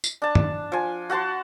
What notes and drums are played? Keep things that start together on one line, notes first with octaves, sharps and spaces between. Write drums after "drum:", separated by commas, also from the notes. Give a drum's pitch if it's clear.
drum: tambourine
D4 A5
drum: tom
F3 G#5
F#4 F#5 A5 C6